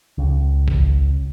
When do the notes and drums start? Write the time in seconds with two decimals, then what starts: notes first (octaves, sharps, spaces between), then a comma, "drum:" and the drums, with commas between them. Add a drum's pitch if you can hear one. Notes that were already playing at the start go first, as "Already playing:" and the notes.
0.18 C#2
0.68 drum: kick A1